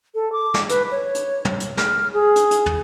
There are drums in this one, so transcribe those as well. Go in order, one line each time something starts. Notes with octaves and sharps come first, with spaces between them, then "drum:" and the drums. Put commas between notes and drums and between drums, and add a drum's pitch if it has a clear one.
A4
D6
drum: snare
B4, drum: hi-hat
C#5
drum: hi-hat
drum: tom
drum: hi-hat
F6, drum: snare
G#4
drum: hi-hat
drum: hi-hat
drum: tom